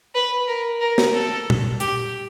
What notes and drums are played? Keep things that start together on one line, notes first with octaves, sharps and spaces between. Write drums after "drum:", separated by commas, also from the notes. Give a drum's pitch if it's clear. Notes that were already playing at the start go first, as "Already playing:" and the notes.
B4
A#4
A#4
drum: snare
A4
drum: tom
G4, drum: hi-hat